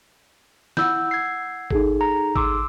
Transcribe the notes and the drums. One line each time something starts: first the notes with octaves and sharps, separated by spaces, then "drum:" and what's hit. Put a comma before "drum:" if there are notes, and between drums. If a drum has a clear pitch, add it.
E4 F#5 E6 G6, drum: snare
G#6 C7
D#4 G#4 A4, drum: kick G#1
A#5
C6 D6 E6, drum: kick G#1